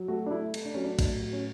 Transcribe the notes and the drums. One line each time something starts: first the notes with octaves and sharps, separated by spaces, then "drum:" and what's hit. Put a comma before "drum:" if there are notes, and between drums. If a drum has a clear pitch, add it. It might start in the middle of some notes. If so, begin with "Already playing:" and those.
Already playing: F#3
A3 F#4
D4
A3 E4
A3, drum: cymbal
D4
F#3 C#4
D4
A2 D4, drum: kick, cymbal
F#3
C#4